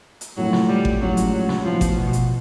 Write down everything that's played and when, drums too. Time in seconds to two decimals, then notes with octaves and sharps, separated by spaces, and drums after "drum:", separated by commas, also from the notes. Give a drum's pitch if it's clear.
0.21 drum: hi-hat
0.37 A2 F3 F#3 A3 C4 E4
0.53 drum: snare
0.68 G3
0.85 drum: kick G#1
1.00 A2 F3 F#3 G#3 C#4 F4
1.17 drum: hi-hat
1.33 F#3
1.49 drum: snare
1.65 A2 F3 F#3 B3 D#4
1.81 drum: kick G#1, hi-hat
1.97 B2
2.13 drum: hi-hat